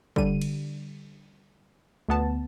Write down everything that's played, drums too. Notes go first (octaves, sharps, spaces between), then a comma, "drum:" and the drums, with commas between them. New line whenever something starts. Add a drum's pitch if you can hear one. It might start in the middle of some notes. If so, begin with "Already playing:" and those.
D3 G3 D#7, drum: kick
drum: cymbal
D2 B3 A5